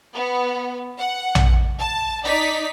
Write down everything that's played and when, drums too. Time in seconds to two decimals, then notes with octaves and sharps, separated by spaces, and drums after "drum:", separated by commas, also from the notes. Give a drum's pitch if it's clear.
0.13 B3
0.99 F#5
1.35 drum: tom A#1
1.79 A5
2.24 D#4 D5 B6